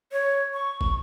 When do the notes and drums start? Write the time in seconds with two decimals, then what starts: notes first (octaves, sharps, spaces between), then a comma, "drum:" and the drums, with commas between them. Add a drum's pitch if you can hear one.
0.12 C#5
0.54 C#6
0.81 drum: kick